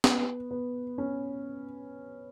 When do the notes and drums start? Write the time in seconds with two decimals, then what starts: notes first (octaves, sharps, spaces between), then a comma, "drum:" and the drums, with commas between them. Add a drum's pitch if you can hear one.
0.04 B3, drum: snare
0.51 B3
0.98 C#4